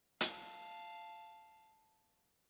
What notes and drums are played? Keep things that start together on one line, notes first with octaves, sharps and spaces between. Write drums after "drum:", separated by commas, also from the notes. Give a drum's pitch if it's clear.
F5 A5, drum: hi-hat